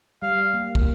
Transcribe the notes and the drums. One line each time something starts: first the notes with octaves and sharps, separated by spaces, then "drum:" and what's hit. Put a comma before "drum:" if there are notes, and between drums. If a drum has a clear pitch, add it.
G3 F5
A#3
A#3, drum: kick